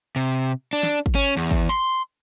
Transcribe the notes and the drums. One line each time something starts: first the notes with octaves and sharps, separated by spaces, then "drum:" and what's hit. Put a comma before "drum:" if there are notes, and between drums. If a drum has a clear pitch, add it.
C3
D4
drum: snare
drum: kick
C#4
E2
drum: kick
C6